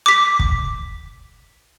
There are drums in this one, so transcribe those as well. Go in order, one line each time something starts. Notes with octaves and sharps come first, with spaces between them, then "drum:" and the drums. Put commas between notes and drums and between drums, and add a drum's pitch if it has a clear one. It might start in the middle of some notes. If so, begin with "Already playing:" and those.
D6 B6
drum: kick